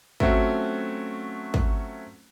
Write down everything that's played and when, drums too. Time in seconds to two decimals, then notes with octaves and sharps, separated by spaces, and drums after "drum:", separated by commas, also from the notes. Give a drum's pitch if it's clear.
0.20 F#3 A3 C4 C#4 F4 F#4, drum: kick
1.54 drum: kick